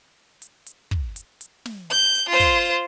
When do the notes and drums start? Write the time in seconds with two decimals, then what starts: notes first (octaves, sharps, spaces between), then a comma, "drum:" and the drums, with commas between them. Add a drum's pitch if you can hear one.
0.42 drum: hi-hat
0.66 drum: hi-hat
0.91 drum: kick
1.16 drum: hi-hat
1.41 drum: hi-hat
1.65 drum: snare
1.90 G6, drum: hi-hat
2.15 drum: hi-hat
2.29 F4 C5
2.40 drum: kick, hi-hat